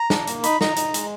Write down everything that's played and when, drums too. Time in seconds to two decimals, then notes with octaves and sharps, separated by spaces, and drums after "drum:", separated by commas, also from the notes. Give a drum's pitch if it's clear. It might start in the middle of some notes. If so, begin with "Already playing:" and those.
Already playing: A#5
0.10 D4, drum: snare
0.27 A#3, drum: hi-hat
0.43 D#4 B5, drum: hi-hat
0.61 D#4 A#5, drum: snare
0.76 D#4, drum: hi-hat
0.94 G#3, drum: hi-hat